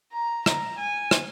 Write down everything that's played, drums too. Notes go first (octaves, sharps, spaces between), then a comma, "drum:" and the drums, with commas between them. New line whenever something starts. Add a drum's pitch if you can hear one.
A#5
A#5, drum: rim click
G#5
drum: rim click